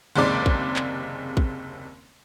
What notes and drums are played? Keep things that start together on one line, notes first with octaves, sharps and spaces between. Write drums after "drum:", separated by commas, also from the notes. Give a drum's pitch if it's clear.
F#1 D#2 C3 G#3 D5 D6
drum: kick
drum: clap
drum: kick